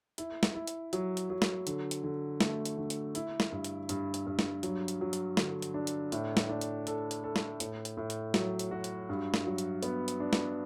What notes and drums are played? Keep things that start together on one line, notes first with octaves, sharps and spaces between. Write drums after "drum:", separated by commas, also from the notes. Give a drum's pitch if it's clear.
E4, drum: hi-hat
drum: snare
E4
drum: hi-hat
F#3, drum: hi-hat
drum: hi-hat
F#3
drum: snare
D3, drum: hi-hat
drum: hi-hat
D3
A3, drum: snare
drum: hi-hat
D3
drum: hi-hat
E4, drum: hi-hat
drum: snare
G2
drum: hi-hat
G2, drum: hi-hat
drum: hi-hat
G2
drum: snare
F#3, drum: hi-hat
drum: hi-hat
F#3
drum: hi-hat
D3, drum: snare
drum: hi-hat
D4
drum: hi-hat
A2, drum: hi-hat
drum: snare
D4
drum: hi-hat
A4, drum: hi-hat
drum: hi-hat
A4
drum: snare
A2, drum: hi-hat
drum: hi-hat
A2
drum: hi-hat
F#3, drum: snare
drum: hi-hat
F#4
drum: hi-hat
G2
drum: snare
F#3
drum: hi-hat
B3, drum: hi-hat
drum: hi-hat
D4
drum: snare